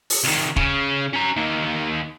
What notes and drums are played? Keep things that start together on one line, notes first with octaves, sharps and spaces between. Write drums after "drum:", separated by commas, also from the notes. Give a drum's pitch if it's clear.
drum: open hi-hat
C2 D#3
C#3 C#4, drum: kick
C#4 A#5
D#3 A#3